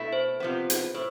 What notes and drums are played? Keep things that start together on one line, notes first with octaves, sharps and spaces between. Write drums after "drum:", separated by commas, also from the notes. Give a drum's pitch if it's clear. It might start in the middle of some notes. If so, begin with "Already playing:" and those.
Already playing: B2 A3 E4
C5
C3 F3 B3
drum: hi-hat
A2 C5